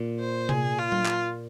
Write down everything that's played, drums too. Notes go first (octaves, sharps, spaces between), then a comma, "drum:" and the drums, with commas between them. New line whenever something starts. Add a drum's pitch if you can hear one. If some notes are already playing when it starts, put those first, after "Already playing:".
Already playing: A#2
C5
G#4, drum: tom C3
F4
drum: tom F#3
drum: clap